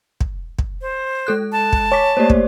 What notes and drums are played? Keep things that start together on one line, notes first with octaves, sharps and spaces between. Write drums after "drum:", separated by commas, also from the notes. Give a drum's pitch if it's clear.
drum: kick
drum: kick
C5
G#3 A4 F#6
A5
drum: kick
C#5 G#5 D6 B6
A3 A#3 G4 C5 D5
drum: kick